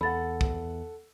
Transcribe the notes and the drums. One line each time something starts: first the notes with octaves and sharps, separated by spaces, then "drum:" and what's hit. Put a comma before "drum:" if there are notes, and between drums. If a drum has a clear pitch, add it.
E2 A4 F#5 B5 A6
drum: kick C2